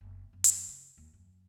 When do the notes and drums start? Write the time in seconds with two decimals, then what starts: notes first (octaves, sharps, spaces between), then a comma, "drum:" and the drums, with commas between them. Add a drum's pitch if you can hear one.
0.01 F#1 B3
0.33 F#2 B3
0.44 drum: hi-hat
0.68 C#3
0.97 D#2
1.13 F#2